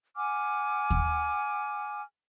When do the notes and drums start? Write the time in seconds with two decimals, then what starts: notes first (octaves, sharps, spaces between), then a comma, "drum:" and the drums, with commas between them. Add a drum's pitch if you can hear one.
0.16 F#5 G#5 D6 F6
0.90 drum: kick D#2